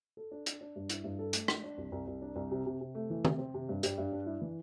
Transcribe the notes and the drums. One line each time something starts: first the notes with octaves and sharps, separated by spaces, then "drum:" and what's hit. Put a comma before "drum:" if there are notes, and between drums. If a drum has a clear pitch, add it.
A4
D4
D4, drum: hi-hat
D4
G2
E4, drum: hi-hat
G2
A4
A3, drum: hi-hat
D4, drum: rim click
D4
C2
C2
C2
D4
C2
C3
C3
C3
A3
E3
C3, drum: tom D#3
C4
C3
G2
G3, drum: hi-hat
G2
D4
E4
E3